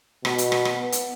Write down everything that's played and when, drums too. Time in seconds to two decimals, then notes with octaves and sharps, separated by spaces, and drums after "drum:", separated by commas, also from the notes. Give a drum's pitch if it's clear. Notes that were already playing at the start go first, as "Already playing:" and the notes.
0.25 B2, drum: rim click
0.38 drum: hi-hat
0.52 drum: rim click
0.65 drum: rim click
0.75 B3
0.92 drum: hi-hat